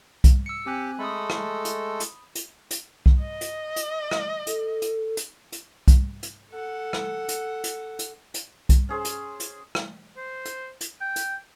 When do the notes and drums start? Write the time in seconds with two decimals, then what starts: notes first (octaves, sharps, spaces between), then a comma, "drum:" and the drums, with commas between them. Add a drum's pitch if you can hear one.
0.24 drum: kick, hi-hat
0.46 E6 C#7
0.66 C4 G4 G#5 F#6
0.99 G#3 A3 A4 B5 D#6
1.30 drum: rim click
1.65 drum: hi-hat
2.00 drum: hi-hat
2.35 drum: hi-hat
2.71 drum: hi-hat
3.06 drum: kick
3.21 D#5
3.41 drum: hi-hat
3.76 drum: hi-hat
4.11 drum: rim click
4.47 A4, drum: hi-hat
4.82 drum: hi-hat
5.17 drum: hi-hat
5.52 drum: hi-hat
5.88 drum: kick, hi-hat
6.23 drum: hi-hat
6.51 A4 F#5
6.93 drum: rim click
7.28 drum: hi-hat
7.64 drum: hi-hat
7.99 drum: hi-hat
8.34 drum: hi-hat
8.69 drum: kick, hi-hat
8.89 C#4 G#4 C5
9.05 drum: hi-hat
9.40 drum: hi-hat
9.75 drum: rim click
10.17 C5
10.45 drum: hi-hat
10.81 drum: hi-hat
11.01 G5
11.16 drum: hi-hat